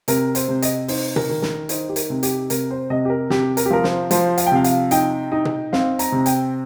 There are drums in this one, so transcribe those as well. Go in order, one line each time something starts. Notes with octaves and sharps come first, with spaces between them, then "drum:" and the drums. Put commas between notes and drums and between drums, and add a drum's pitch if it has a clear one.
C3 A#4, drum: hi-hat
C5, drum: hi-hat
C3
D#5, drum: hi-hat
D#4 C5, drum: open hi-hat
A#4, drum: tom B2
D#3
A#4, drum: snare
D#4 C5, drum: hi-hat
G4
A#4, drum: hi-hat
C3
G4, drum: hi-hat
C3 A#4, drum: hi-hat
C5
C3 D#5
G4
A#4
C3 G4, drum: snare
A#4, drum: hi-hat
G4
F3 A#4
C5, drum: snare
F3 C5, drum: hi-hat
F5, drum: hi-hat
G5
C3 F5
F5, drum: hi-hat
D#4 G5, drum: hi-hat
D#4
drum: tom B2
C4 F5, drum: snare
A#5, drum: hi-hat
C3
G5, drum: hi-hat